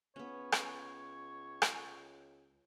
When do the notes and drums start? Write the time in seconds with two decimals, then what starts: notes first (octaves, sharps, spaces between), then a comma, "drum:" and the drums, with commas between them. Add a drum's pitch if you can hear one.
0.16 C#2 B3 C#4 C#5
0.52 drum: rim click
1.62 drum: rim click